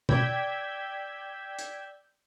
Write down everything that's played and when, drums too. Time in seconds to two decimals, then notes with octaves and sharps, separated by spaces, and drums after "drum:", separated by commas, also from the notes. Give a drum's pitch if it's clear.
0.09 D5 G5 E6 G6 G#6 B6, drum: tom B2
1.59 drum: hi-hat